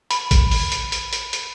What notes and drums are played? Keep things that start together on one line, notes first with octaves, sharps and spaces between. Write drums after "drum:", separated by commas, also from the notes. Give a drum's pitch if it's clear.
B5, drum: hi-hat
drum: kick A1, hi-hat
drum: open hi-hat
drum: hi-hat
drum: hi-hat
drum: hi-hat
drum: hi-hat